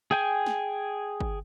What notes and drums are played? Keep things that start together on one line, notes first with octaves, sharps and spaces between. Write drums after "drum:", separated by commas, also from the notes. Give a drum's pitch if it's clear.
G#4 G5 G#5
drum: snare
drum: kick G1